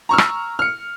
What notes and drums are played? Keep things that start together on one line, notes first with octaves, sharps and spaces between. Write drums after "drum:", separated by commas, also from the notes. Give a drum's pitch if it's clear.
A#5 C#6 E6 F6
drum: rim click
F6 C#7